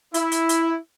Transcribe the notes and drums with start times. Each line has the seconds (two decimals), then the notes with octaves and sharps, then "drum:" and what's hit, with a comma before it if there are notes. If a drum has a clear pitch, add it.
0.14 E4, drum: hi-hat
0.32 drum: hi-hat
0.49 drum: hi-hat